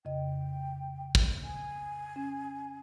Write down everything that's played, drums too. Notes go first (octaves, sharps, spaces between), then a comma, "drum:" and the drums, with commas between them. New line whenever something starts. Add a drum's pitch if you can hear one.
F2 C#3 D#5 G5
drum: kick
G#5
C#4